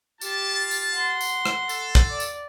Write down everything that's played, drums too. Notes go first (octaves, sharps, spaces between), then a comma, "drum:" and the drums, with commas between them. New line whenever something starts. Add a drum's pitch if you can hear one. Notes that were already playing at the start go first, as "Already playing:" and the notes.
F4 G4 A5, drum: tambourine
drum: tambourine
F#5 C6
drum: tambourine
drum: rim click
A4, drum: tambourine
drum: kick
D5
drum: tambourine